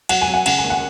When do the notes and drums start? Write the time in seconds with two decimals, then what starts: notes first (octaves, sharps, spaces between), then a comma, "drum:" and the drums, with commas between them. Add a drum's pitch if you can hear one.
0.09 F#3 F#5, drum: cymbal
0.21 G#5
0.28 F#3
0.34 F#5
0.46 C#3 F#5, drum: cymbal
0.58 G#5
0.64 D#2
0.70 F#5